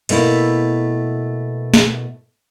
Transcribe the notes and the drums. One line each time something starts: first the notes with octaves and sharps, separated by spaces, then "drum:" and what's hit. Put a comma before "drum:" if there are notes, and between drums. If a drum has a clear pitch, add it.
B2 A3 A#3 E4, drum: cymbal
drum: snare